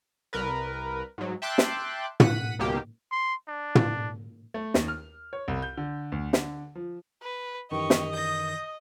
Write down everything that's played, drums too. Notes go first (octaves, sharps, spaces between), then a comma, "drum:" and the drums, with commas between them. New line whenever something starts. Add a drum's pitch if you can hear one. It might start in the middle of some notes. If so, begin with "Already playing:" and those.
C2 A#4 B4
G#2 F#3
E5 G5 A5 C6 D6 F#6
drum: snare
F#5 B6 D#7, drum: tom
C#2 B2 D#3 A#3 G4
C6
D4
drum: tom
A3
D#2, drum: snare
F6
C#5
C2
G6
D3
D2
D3, drum: snare
F3
B4
F#2 D#3 E3 G4 D#5 C#6
drum: snare
D#6 G6 A#6